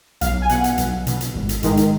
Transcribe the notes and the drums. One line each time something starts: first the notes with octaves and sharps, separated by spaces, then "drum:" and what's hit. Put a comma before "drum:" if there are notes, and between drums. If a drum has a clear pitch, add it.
B1 F5, drum: hi-hat
G#5
B2 F#5, drum: hi-hat
drum: hi-hat
B1, drum: hi-hat
B2, drum: hi-hat
drum: hi-hat
G#1
drum: hi-hat
G#2 D#3, drum: hi-hat
drum: hi-hat